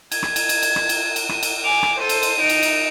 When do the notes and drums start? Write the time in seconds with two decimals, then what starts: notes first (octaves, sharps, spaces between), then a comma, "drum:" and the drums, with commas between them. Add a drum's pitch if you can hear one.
0.12 G#6, drum: cymbal
0.23 drum: rim click
0.36 drum: cymbal
0.49 drum: cymbal
0.63 drum: cymbal
0.76 drum: rim click
0.89 drum: cymbal
1.16 drum: cymbal
1.29 D#7, drum: rim click
1.43 drum: cymbal
1.64 G#5 D6 F7
1.83 drum: rim click
1.99 A4 C5 D#7
2.09 drum: cymbal
2.23 drum: cymbal
2.40 D#4 D7
2.49 drum: cymbal
2.63 drum: cymbal